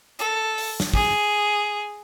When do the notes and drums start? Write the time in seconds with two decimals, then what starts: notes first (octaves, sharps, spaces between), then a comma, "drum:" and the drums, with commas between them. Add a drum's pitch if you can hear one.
0.19 A4, drum: hi-hat
0.58 drum: open hi-hat
0.80 drum: snare
0.94 G#4, drum: kick